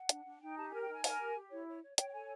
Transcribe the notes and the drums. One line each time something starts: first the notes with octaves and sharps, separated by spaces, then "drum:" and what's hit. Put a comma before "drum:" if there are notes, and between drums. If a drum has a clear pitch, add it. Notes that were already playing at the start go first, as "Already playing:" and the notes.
Already playing: F#5
D4, drum: hi-hat
D4
D#4 G5
G4 A5
A#4 G#5
G5
D#4 G#5
A#4, drum: open hi-hat
G4
G4
E4 C#5
C#5
C#5
C#5 G5, drum: hi-hat
G5
A4 G#5